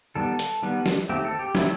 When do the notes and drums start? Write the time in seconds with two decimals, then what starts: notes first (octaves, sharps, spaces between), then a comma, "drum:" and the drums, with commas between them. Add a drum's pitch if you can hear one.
0.15 D#3 G3 B3 A4
0.39 drum: hi-hat
0.63 D#3 G3 B3
0.86 drum: snare
1.09 D#3 A3 C4 G4
1.25 A4
1.39 G4
1.55 D#3 A3 C4 E4, drum: snare